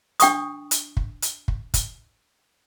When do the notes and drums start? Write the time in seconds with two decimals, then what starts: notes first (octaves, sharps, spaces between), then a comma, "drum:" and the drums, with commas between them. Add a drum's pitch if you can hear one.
0.20 D4 G5 C#6 D#6, drum: hi-hat
0.71 drum: hi-hat
0.97 drum: kick
1.22 drum: hi-hat
1.48 drum: kick
1.74 drum: kick, hi-hat